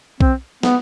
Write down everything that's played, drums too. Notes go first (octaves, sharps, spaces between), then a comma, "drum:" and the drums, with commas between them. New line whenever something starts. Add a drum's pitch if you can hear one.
C4, drum: kick B1
B3, drum: snare